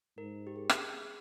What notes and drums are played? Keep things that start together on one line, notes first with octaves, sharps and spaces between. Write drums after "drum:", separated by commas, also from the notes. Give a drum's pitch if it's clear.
G#2 A#4
G4
G#4
drum: rim click